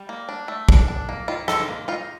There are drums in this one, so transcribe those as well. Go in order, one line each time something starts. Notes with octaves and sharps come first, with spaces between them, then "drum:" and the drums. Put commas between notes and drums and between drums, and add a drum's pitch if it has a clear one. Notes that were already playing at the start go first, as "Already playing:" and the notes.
Already playing: G3
A#3
D4
A3
D4, drum: kick
D4
A#3
D#3 F4
D#3 A4, drum: rim click
A#3
D#4 F4